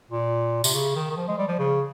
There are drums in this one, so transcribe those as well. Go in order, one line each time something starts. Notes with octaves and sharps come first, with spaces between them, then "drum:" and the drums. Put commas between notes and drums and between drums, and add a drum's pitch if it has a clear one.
A#2
C3, drum: tambourine
C#3
D#3
D#3
F3
G#3
G3
F3
C#3